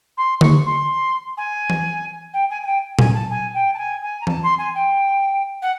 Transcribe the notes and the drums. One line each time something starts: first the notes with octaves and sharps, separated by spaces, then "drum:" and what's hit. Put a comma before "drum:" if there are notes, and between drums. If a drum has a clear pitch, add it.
C6
C#6, drum: tom D3
C6
G#5
drum: tom E3
G5
G#5
G#5
G5
G#5, drum: tom A#2
A5
G#5
G5
A5
G#5
G#5
A#5
A5, drum: tom E3
C6
G#5
G5
F#5